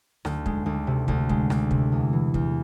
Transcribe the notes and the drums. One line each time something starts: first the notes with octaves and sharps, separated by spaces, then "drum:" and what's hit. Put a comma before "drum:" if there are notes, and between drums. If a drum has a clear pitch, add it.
D2, drum: rim click
G#3, drum: kick
D2
C3
D2, drum: kick
G#3, drum: kick
D2, drum: rim click
C3, drum: kick
E2
E3
E2, drum: kick